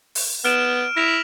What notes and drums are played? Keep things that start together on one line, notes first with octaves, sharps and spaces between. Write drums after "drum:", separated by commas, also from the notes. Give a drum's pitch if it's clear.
drum: open hi-hat
B3 F6 D7 E7
E4 A#6 B6 F7
F#7